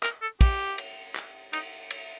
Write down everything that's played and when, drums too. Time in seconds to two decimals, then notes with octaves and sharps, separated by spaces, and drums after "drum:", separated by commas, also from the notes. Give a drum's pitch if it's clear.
0.03 A#4, drum: clap
0.22 A4
0.41 G4, drum: kick, cymbal
0.78 drum: cymbal
1.16 drum: clap
1.53 D#4, drum: cymbal
1.91 drum: cymbal